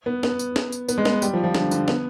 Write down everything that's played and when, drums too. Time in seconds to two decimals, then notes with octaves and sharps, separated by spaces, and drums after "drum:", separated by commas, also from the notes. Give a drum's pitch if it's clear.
0.06 B3
0.23 B3, drum: snare
0.39 drum: tambourine
0.56 drum: snare
0.72 drum: tambourine
0.89 B3, drum: tambourine
0.98 G#3
1.05 B3, drum: snare
1.22 G3, drum: tambourine
1.33 F3
1.44 F3
1.55 D3, drum: snare
1.71 D3, drum: tambourine
1.88 B3, drum: snare